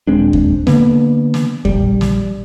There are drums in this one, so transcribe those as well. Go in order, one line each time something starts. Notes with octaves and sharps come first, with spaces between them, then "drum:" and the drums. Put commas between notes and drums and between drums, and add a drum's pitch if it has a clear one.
D#1 G#3 C4 D4
drum: kick E2
D3 A#3 B3, drum: snare
drum: snare
A#1 G3, drum: kick E2
drum: snare